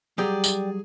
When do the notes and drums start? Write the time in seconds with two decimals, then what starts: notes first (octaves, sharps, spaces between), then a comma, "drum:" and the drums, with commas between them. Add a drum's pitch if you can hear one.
0.18 F#3 G3 G4 G#4 D5 G5 A#5
0.44 drum: tambourine